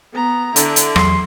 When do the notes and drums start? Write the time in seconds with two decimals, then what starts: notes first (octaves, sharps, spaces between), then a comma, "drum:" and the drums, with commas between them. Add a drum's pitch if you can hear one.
0.13 B3 A#5
0.56 D3 E4, drum: hi-hat
0.76 drum: hi-hat
0.96 E2 F#3 C6, drum: rim click